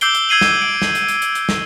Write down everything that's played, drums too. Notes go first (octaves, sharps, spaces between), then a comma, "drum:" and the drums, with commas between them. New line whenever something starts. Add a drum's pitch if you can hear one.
D6 E6 G6 C7 D7 G7, drum: hi-hat
drum: hi-hat
E6 G#6 C7 D#7 F#7
drum: snare
D7
drum: snare
drum: hi-hat
drum: hi-hat
drum: hi-hat
drum: hi-hat
drum: snare